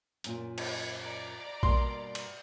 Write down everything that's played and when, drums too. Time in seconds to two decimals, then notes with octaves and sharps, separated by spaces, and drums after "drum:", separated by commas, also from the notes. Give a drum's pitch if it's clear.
0.24 F#2 A#2 F4, drum: hi-hat
0.58 drum: cymbal
1.00 D5 A#5
1.63 G2 B2 A#3 C6, drum: kick A#1
2.15 drum: cymbal